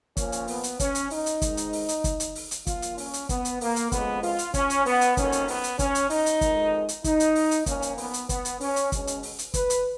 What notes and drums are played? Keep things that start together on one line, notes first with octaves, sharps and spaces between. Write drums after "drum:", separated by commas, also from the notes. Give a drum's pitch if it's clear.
A#2 F3 A#3 C#4, drum: kick, hi-hat
drum: hi-hat
B3, drum: open hi-hat
drum: hi-hat
C#4, drum: kick, hi-hat
drum: hi-hat
D#4, drum: open hi-hat
drum: hi-hat
G#2 D#3 G#3, drum: kick, hi-hat
drum: hi-hat
drum: open hi-hat
drum: hi-hat
drum: kick, hi-hat
drum: hi-hat
drum: open hi-hat
drum: hi-hat
A#2 F3 A#3 F4, drum: kick, hi-hat
drum: hi-hat
C#4, drum: open hi-hat
drum: hi-hat
B3, drum: kick, hi-hat
drum: hi-hat
A#3, drum: open hi-hat
drum: hi-hat
F2 C#3 G#3 B3, drum: kick, hi-hat
F4, drum: open hi-hat
drum: hi-hat
C#4, drum: kick, hi-hat
drum: hi-hat
B3, drum: open hi-hat
drum: hi-hat
F2 D#3 F#3 A#3 C#4, drum: kick, hi-hat
drum: hi-hat
B3, drum: open hi-hat
drum: hi-hat
C#4, drum: kick, hi-hat
drum: hi-hat
D#4, drum: open hi-hat
drum: hi-hat
F2 D#3 G#3, drum: kick, hi-hat
drum: hi-hat
D#4, drum: kick, hi-hat
drum: hi-hat
drum: open hi-hat
drum: hi-hat
A#2 F3 A#3 C#4, drum: kick, hi-hat
drum: hi-hat
B3, drum: open hi-hat
drum: hi-hat
B3, drum: kick, hi-hat
drum: hi-hat
C#4, drum: open hi-hat
drum: hi-hat
B2 G#3 C#4, drum: kick, hi-hat
drum: hi-hat
drum: open hi-hat
drum: hi-hat
B4, drum: kick, hi-hat
drum: hi-hat